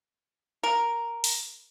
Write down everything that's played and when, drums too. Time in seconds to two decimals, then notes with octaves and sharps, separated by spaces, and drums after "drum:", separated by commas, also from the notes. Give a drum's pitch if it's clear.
0.63 A#4
1.24 drum: open hi-hat